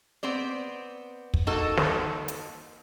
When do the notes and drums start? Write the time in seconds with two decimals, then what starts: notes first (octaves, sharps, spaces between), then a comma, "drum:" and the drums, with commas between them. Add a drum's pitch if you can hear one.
0.23 B3 C4 C5 D5
1.34 drum: kick
1.47 A#3 D#4 F#4 A4
1.77 drum: snare
2.28 drum: hi-hat